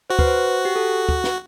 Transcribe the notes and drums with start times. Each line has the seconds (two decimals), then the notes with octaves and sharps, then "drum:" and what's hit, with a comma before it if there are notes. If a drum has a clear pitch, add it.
0.10 F#4 C5
0.19 B4, drum: kick
0.27 C5
0.65 G4
0.76 A4
1.09 drum: kick
1.24 drum: snare